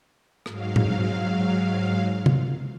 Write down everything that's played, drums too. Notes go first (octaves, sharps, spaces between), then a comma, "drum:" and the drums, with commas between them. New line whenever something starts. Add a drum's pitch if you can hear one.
G#2 F#3 F5, drum: rim click
drum: tom A2
drum: tom